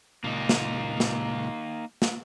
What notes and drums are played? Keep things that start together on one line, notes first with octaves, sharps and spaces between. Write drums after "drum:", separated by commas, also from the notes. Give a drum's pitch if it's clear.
C#2 A#2 A#3 D#4
drum: snare
drum: snare
drum: snare